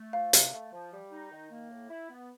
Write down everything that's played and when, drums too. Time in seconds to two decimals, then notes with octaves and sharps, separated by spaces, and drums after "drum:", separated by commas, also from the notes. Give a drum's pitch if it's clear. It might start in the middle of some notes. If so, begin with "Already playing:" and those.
Already playing: A3
0.13 F3 F5
0.33 C3, drum: hi-hat
0.53 A3
0.73 F3
0.92 G3
1.12 D#4
1.31 D#3
1.51 A#3
1.70 A2
1.90 E4
2.10 B3